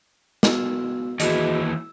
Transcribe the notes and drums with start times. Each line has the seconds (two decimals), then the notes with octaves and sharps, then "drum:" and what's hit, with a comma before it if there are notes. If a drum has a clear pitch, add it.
0.43 B3 F#4 E6, drum: snare
1.20 D#2 E3 F#4 G#4 D#5, drum: hi-hat
1.55 E6